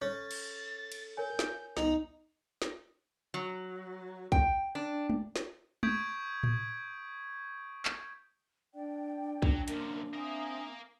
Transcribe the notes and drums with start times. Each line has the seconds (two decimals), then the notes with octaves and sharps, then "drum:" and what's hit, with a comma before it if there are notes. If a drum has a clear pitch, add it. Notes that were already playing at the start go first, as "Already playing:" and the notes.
0.02 C#4 A4 C#5 A6
0.31 drum: cymbal
0.92 drum: cymbal
1.17 A#4 C#5 G#5 G6
1.39 drum: snare
1.77 C2 B3 D#4 D#5 F7, drum: snare
2.62 drum: snare
3.34 F#3
4.32 G5, drum: kick
4.75 D4
5.10 drum: tom
5.36 drum: snare
5.83 C#6 D#6 G6 G#6 B6 D7, drum: tom
6.43 drum: tom A2
7.85 drum: clap
8.74 D4 D5 G5
9.42 F#3, drum: kick
9.68 F#2 C3 A#3 A#4, drum: hi-hat
10.13 A#3 C4 A#4 E5 G#5 D#6